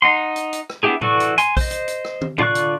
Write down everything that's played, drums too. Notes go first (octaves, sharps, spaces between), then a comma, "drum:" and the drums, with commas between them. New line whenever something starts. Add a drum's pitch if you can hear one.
D#4 F#5 C6
drum: hi-hat
drum: hi-hat
drum: rim click
B3 D4 E4 G4 G#4
E3 F#4 A4 D5 C#6, drum: tom A2
drum: hi-hat
G#5 C6, drum: hi-hat
C5 D#5, drum: kick A#1, open hi-hat
drum: hi-hat
drum: hi-hat
drum: rim click
drum: tom
D3 F4 D5 C#6 F#6, drum: tom A2
drum: hi-hat